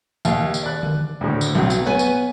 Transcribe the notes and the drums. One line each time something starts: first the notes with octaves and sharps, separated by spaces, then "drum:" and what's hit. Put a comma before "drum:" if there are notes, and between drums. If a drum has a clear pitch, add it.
D#2 F5, drum: tambourine
drum: tambourine
D5 F#6
drum: tom D3
D2 A2
drum: tambourine
B1 F#3 C4
drum: tambourine
B3 B4 C#5 G#5
drum: tambourine